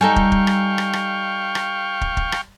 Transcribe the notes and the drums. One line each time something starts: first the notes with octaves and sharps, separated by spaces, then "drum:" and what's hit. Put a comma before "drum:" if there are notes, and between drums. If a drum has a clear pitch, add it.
G3 D#4 A4 F5 G5 G#5 C#6
drum: kick
drum: kick
drum: rim click
drum: rim click
drum: rim click
drum: rim click
drum: kick
drum: kick
drum: rim click